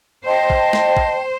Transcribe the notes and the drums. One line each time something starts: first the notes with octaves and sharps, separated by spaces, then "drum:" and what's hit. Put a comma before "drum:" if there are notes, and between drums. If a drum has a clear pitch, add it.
C5 D#5 G5 A5
drum: kick
drum: snare
drum: kick